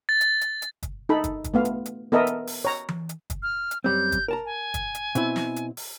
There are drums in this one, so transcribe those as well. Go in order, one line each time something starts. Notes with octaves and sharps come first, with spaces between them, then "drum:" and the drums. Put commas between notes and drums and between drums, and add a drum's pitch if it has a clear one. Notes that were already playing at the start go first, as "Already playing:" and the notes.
A6
drum: hi-hat
drum: hi-hat
drum: hi-hat
drum: kick, hi-hat
D#4 A4 B5
drum: kick, hi-hat
drum: kick, hi-hat
A3 B3 F5
drum: hi-hat
drum: hi-hat
B3 A4 A#4 D#5 E5
drum: hi-hat
drum: open hi-hat
C#5 A#5
drum: tom E3
drum: hi-hat
drum: kick, hi-hat
F6
drum: hi-hat
F#2 G3 C4 G6
drum: kick, hi-hat
A#4 A5 A#5
G#5
drum: kick, hi-hat
drum: hi-hat
B2 C4 E4, drum: hi-hat
drum: snare
drum: hi-hat
drum: open hi-hat